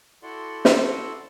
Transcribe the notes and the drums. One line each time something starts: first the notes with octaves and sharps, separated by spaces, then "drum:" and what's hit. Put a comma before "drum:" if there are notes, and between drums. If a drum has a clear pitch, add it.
E4 F#4 A4 D5 F#5 C6
drum: snare